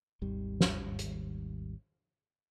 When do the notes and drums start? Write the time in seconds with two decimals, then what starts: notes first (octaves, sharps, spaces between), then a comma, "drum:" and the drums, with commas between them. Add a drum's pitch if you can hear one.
0.22 G#1 D#2 G3
0.61 drum: snare
0.99 drum: hi-hat